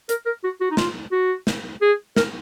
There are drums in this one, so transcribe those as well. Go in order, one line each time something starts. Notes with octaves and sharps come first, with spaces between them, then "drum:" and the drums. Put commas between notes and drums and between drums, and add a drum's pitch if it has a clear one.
A#4, drum: hi-hat
A#4
F#4
F#4
D#4
F4, drum: snare
F#4
drum: snare
G#4
A#4, drum: snare